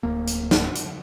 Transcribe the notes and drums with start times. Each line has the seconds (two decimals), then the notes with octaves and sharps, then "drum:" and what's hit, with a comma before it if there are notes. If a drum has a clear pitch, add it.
0.03 D1 A#3
0.27 drum: hi-hat
0.51 drum: snare
0.75 drum: hi-hat